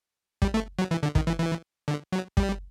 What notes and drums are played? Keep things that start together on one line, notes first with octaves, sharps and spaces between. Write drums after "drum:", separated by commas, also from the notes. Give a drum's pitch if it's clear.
G3, drum: kick
A3
F#3
E3
D3
D#3, drum: kick
E3
E3
D3
F#3
G3, drum: kick